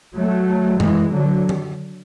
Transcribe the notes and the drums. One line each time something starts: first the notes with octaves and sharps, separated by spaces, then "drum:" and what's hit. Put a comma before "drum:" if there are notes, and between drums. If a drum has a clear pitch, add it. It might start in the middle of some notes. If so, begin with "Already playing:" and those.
F#3 A3
E3 G#3, drum: tom F#2
D3 F#3
drum: tom D#3